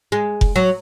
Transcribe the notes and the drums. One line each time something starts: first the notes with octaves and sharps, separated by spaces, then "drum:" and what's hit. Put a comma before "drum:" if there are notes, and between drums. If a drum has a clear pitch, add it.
G#3
drum: kick F1
F#3